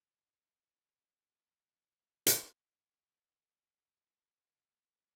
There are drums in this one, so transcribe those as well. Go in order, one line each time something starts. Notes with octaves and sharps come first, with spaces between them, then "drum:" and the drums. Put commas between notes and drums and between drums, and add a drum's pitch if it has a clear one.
B3 D4 F4
C#5
drum: hi-hat
D#4
F5
A5